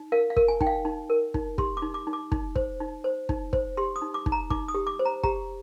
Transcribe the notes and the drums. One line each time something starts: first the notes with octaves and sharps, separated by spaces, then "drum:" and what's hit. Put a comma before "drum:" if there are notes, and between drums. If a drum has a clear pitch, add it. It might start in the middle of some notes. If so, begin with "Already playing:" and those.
Already playing: D#4
A#4 F5
F5
A#4, drum: kick
G#5
D#4 G5, drum: kick
F5
D#4
A#4
D#4, drum: kick
G4 C6, drum: kick
D6
D#4
D6
D#4
D6
D#4, drum: kick
C5, drum: kick
D#4
C5
D#4, drum: kick
C5, drum: kick
G4 C6
D#6
D#4
D6
D#4, drum: kick
A#5
D#4 D6, drum: kick
D#6
G4
D6
C5
A#5
G4 A#5, drum: kick